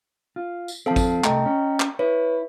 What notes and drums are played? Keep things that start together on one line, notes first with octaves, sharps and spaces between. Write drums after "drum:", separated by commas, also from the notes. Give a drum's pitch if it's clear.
F4
drum: tambourine
F3 C4 A4 F5 A5
drum: kick, tambourine
C2 F#2 A3 D#5 G5 A#5, drum: clap
C#4
drum: clap
E4 B4 C#5